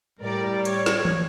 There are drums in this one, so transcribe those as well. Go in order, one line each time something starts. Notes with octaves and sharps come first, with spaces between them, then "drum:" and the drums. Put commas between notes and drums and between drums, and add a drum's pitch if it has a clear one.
A2 G3 A#4 D5
C#5, drum: hi-hat
drum: snare
drum: tom E3